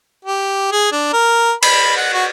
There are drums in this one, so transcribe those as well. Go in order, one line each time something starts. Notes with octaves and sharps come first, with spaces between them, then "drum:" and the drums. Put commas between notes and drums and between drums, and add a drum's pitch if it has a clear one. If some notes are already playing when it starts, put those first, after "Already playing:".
G4
G#4
D4
A#4
B5, drum: cymbal
F#5
F#4